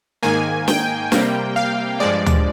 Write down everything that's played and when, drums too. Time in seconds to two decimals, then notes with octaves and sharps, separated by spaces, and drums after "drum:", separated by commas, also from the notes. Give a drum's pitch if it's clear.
0.23 G#2 D#3 A#3 G#5
0.68 G5, drum: snare
1.12 C3 G3 A#3, drum: snare
1.56 F5
2.00 G2 F3 G#3 D5
2.26 drum: tom D2